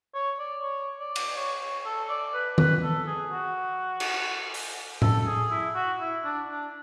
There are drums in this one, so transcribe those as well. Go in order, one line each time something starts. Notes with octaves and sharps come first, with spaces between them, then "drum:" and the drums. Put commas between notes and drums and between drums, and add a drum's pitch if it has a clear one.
C#5
D5
C#5
D5
drum: cymbal
C#5
C#5
A4
D5
B4
B4, drum: tom D#3
A4
G#4
F#4
drum: cymbal
drum: open hi-hat
A4, drum: tom A2
G#4
E4
F#4
E4
D4
D4